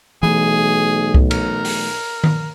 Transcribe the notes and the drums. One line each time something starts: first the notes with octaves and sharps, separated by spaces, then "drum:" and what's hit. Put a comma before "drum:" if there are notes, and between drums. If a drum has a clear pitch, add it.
B1 E3 A3 G#4
drum: kick C2
A#4, drum: cymbal
drum: open hi-hat
drum: tom D#3